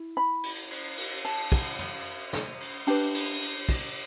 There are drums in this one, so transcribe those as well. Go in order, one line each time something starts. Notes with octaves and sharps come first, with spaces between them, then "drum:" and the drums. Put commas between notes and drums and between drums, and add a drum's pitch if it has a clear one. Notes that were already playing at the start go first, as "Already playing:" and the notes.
Already playing: E4
B5
drum: cymbal
drum: cymbal
drum: cymbal
A5, drum: cymbal
drum: kick, cymbal
drum: tom
drum: snare
drum: cymbal
D4 G4 B4 G5, drum: cymbal
drum: cymbal
drum: cymbal
drum: kick, cymbal